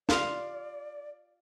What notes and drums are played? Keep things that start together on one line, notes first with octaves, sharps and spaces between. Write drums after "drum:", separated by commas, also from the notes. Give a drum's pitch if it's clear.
G4 D5 F5 C6 F7, drum: snare